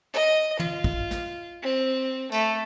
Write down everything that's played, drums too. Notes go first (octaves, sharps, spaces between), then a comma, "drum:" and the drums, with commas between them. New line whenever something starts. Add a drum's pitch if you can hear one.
D#5
F4, drum: tom
drum: kick
drum: snare
C4
A3, drum: tambourine